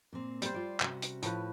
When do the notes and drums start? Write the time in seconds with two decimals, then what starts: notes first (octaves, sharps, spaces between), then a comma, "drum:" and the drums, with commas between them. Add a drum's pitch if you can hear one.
0.13 A#2 A#3 C4
0.42 G3 C5, drum: hi-hat
0.54 F4 D5
0.80 C3 C#4 F#4, drum: clap
1.02 drum: hi-hat
1.22 A2 F3 B4, drum: hi-hat